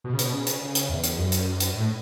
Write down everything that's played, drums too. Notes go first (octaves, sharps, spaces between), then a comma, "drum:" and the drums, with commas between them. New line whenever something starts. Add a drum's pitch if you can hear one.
B2
C#3
B2, drum: hi-hat
C#3
drum: hi-hat
C#3
drum: hi-hat
E2
drum: hi-hat
F#2
drum: hi-hat
drum: hi-hat
A2